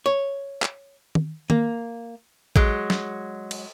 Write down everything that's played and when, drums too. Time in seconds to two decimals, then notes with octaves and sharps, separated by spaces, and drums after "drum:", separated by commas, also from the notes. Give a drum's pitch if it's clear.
0.06 C#5
0.62 drum: clap
1.15 drum: tom D#3
1.50 A#3, drum: tom D#3
2.56 F#3 G#3, drum: kick
2.90 drum: snare
3.51 drum: cymbal